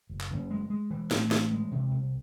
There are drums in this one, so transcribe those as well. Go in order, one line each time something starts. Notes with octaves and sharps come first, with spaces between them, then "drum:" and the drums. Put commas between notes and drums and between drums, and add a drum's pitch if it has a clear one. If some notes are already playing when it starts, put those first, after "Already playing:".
F#1
drum: clap
F#1
G#3
G#3
E3
A2, drum: snare
E3, drum: snare
G#3
C3
C2